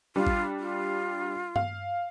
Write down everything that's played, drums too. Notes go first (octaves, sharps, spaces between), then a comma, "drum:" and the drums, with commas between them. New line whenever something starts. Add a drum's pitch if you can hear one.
G3 D4 F4
drum: kick A1
F4
F5, drum: tom G2